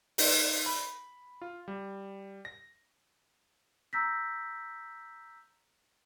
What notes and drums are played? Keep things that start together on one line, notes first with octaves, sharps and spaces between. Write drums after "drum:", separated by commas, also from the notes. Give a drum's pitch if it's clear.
D#4, drum: open hi-hat
B5
F4
G3
A#6
A#5 E6 G6 A#6 B6